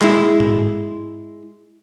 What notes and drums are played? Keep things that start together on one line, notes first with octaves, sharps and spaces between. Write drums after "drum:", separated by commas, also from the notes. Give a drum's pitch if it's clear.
G#3 E4, drum: clap
drum: tom G#2